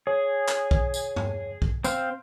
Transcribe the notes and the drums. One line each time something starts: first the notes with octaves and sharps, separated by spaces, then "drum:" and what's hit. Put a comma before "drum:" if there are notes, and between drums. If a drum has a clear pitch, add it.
G#4 C#5
drum: clap
drum: kick B1
drum: tambourine
drum: tom G2
drum: kick B1
C4 C5 F5, drum: tambourine